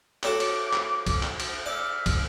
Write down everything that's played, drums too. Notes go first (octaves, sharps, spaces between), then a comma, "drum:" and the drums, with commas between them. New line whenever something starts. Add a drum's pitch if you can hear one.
F#4 A4 C#5 D6, drum: clap
drum: cymbal
drum: clap
drum: kick, cymbal
drum: clap
drum: cymbal
D5 E5 E6 F6
drum: kick, cymbal